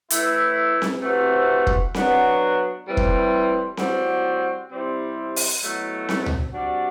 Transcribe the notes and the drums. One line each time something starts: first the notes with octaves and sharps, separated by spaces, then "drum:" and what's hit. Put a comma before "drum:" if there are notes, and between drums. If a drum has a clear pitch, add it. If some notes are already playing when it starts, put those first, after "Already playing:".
A2 E3 A3 E4, drum: hi-hat
drum: snare C4
C3 E3 A3 C4 F#4
drum: kick
F#3 B3 D4 F#4, drum: snare C4
A2 E3 G3 C4 E4
drum: kick
A2 G3 C4 F#4, drum: snare C4
C3 G3 C4 E4
drum: open hi-hat
B2 F#3 A3 E4
drum: snare C4
drum: tom C#2
C3 G3 D4 F#4